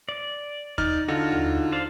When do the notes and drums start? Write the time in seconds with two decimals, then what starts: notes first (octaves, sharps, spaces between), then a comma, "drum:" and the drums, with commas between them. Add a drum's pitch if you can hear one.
0.09 D5
0.78 D#4 D5 F6, drum: kick D#2
1.08 D3 D#4 F4 F#4
1.32 drum: tom D#2
1.72 C5 D5 F5